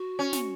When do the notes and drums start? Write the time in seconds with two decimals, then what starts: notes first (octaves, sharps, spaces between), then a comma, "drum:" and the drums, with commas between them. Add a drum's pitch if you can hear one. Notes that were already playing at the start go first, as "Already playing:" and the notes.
Already playing: F#4
0.19 C#4
0.33 drum: snare